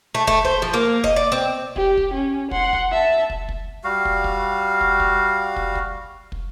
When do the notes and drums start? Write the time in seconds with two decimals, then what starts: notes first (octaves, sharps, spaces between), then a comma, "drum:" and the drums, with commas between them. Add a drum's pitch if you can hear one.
0.15 A3
0.27 A3, drum: kick
0.45 C5, drum: kick
0.62 F3
0.74 A#3
1.04 D#5, drum: kick
1.16 D5
1.32 C4
1.76 G4, drum: kick
1.97 drum: kick
2.14 C#4
2.51 F#5 C6, drum: kick
2.73 drum: kick
2.92 E5 A5
3.30 drum: kick
3.49 drum: kick
3.84 G3 F#4 F5
4.05 drum: kick
4.24 drum: kick
4.81 drum: kick
5.00 drum: kick
5.56 drum: kick
5.75 drum: kick
6.32 drum: kick